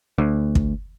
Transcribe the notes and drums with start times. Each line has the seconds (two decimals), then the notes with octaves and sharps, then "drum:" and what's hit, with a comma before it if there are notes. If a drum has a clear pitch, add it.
0.18 D2
0.55 drum: kick